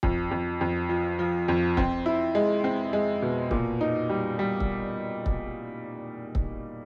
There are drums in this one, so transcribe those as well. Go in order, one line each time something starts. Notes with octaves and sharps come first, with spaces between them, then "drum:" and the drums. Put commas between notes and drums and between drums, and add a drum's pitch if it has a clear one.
F2, drum: kick
F2
F2
F3
F3
F2
C4, drum: kick
E4
G#3
C4
G#3
B2
A#2, drum: kick
D#4
G3
G3
drum: kick
drum: kick
drum: kick